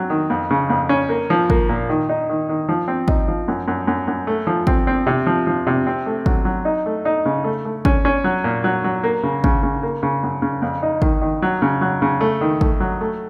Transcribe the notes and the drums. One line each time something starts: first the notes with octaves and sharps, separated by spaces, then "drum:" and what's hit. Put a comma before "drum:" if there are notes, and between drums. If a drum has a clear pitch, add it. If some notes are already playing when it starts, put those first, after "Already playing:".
Already playing: F#3 C4
D#3
F2
C#3
F2
C#4
A#3
F3
A#3, drum: kick
A#2
D#3
D#4
D#3
D#3
F3
C4
D#4, drum: kick
F3
F#2
F#2
F#2
F#2
A3
F3
C4, drum: kick
C4
C3
F3
F3
C3
C4
A3
F#3, drum: kick
F#3
D#4
A3
D#4
C#3
A3
A3
C#4, drum: kick
C#4
F#3
A#2
F#3
F#3
A#3
C#3
C#3, drum: kick
C#3
A#3
C#3
F#2
C#3
F2
D#4
D#3, drum: kick
D#3
F#3
C#3
F#3
C#3
A3
D#3
A3, drum: kick
F#3
A3